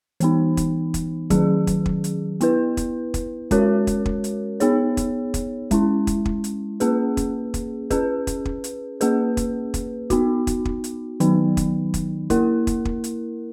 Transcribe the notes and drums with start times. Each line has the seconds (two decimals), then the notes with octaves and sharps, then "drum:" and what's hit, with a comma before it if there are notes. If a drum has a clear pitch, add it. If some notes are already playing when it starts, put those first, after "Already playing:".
0.20 E3 B3 D#4, drum: hi-hat
0.57 drum: kick, hi-hat
0.94 drum: kick, hi-hat
1.30 D#3 F#3 C#4 G#4, drum: kick, hi-hat
1.67 drum: kick, hi-hat
1.86 drum: kick
2.04 drum: hi-hat
2.41 B3 E4 B4, drum: hi-hat
2.77 drum: kick, hi-hat
3.14 drum: kick, hi-hat
3.51 G#3 C#4 F#4 A#4 C#5, drum: kick, hi-hat
3.87 drum: kick, hi-hat
4.06 drum: kick
4.24 drum: hi-hat
4.60 B3 D#4 G#4 C#5, drum: hi-hat
4.97 drum: kick, hi-hat
5.34 drum: kick, hi-hat
5.71 G#3 C#4 E4, drum: kick, hi-hat
6.07 drum: kick, hi-hat
6.25 drum: kick
6.44 drum: hi-hat
6.80 A#3 C#4 G#4 B4, drum: hi-hat
7.17 drum: kick, hi-hat
7.54 drum: kick, hi-hat
7.90 C#4 G#4 B4, drum: kick, hi-hat
8.27 drum: kick, hi-hat
8.45 drum: kick
8.64 drum: hi-hat
9.01 A#3 C#4 G#4 B4, drum: hi-hat
9.37 drum: kick, hi-hat
9.74 drum: kick, hi-hat
10.10 B3 D#4 F#4, drum: kick, hi-hat
10.47 drum: kick, hi-hat
10.65 drum: kick
10.84 drum: hi-hat
11.20 D#3 F#3 B3 D#4, drum: hi-hat
11.57 drum: kick, hi-hat
11.94 drum: kick, hi-hat
12.30 A#3 E4 A#4, drum: kick, hi-hat
12.67 drum: kick, hi-hat
12.85 drum: kick
13.04 drum: hi-hat